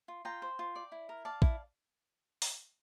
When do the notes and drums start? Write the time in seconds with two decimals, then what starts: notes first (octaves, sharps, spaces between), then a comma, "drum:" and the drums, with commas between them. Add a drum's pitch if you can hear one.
0.08 F4
0.25 F4 G5 A#5
0.42 C5
0.59 F4
0.76 D5
0.92 E4
1.09 A#4
1.25 D5 F5 A5
1.42 E4, drum: kick
2.42 drum: open hi-hat